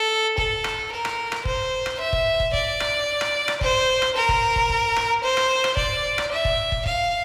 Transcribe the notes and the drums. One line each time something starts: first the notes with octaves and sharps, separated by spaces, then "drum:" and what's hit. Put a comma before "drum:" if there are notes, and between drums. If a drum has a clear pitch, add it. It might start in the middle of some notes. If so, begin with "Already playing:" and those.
Already playing: A4
A4, drum: kick
drum: rim click
A#4
drum: rim click
drum: rim click
C5, drum: kick
drum: rim click
E5
drum: kick
drum: kick
D5, drum: kick
drum: rim click
drum: rim click
drum: rim click
C5, drum: kick
drum: rim click
A#4
drum: kick
drum: kick
drum: kick
drum: rim click
C5
drum: rim click
drum: rim click
D5, drum: kick
drum: rim click
E5
drum: kick
drum: kick
F5, drum: kick